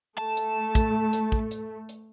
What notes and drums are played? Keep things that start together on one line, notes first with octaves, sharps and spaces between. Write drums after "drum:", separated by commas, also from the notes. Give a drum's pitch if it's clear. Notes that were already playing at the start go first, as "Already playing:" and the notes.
A3 A5
drum: hi-hat
drum: kick, hi-hat
drum: hi-hat
drum: kick
drum: hi-hat
drum: hi-hat